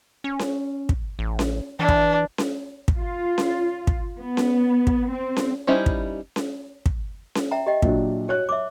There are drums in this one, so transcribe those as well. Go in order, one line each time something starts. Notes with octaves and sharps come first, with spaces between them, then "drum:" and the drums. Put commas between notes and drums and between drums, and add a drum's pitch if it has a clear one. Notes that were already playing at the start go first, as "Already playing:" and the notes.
C#4
drum: snare C#4
drum: kick
A1
drum: snare C#4
E3 D4
drum: kick
drum: snare C#4
drum: kick
F4
drum: snare C#4
drum: kick
B3
drum: snare C#4
drum: kick
C4
drum: snare C#4
G3 C#4 D#4 E4 C5
drum: kick
drum: snare C#4
drum: kick
drum: snare C#4
E5 G5 A#5
G4 D#5 G5
A#2 F#3 D4, drum: kick
F#4 C#5 F#6
C#5 E5 D6